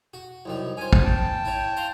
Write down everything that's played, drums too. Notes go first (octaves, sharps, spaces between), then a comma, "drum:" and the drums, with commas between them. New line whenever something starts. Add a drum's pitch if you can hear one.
F#4
C2 F#2 D#3
C#4 C5 G#5
drum: kick
G5 A5
E4 C#5
F5 A#5 C6